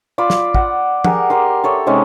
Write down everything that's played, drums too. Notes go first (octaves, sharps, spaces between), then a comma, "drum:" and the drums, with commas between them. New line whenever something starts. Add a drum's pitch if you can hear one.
F4 D5 B5
drum: snare
F#5, drum: kick
G4 G#4 A#4 F#5, drum: tom
G4 A#4 C6
A4 C#5 E5
C3 G#3 C#4 D#4